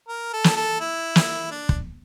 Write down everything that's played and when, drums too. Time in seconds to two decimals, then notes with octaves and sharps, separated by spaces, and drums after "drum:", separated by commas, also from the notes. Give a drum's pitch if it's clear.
0.08 A#4
0.33 A4
0.44 drum: snare
0.56 A4
0.80 E4
1.16 drum: snare
1.51 D4
1.69 drum: kick